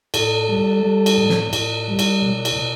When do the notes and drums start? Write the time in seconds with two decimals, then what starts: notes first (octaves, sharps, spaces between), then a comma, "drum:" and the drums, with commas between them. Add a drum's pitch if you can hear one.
0.14 A2 A4, drum: cymbal
0.49 G3
0.83 G3
1.06 drum: cymbal
1.17 A2
1.29 drum: snare
1.53 A2, drum: cymbal
1.88 G3
1.99 drum: cymbal
2.22 B2
2.45 drum: cymbal
2.56 B2